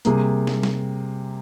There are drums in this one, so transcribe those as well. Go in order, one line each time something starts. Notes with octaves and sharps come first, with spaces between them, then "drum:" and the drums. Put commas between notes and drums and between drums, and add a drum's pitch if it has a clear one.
C3 G3 A#3 G#4, drum: hi-hat
drum: snare
drum: snare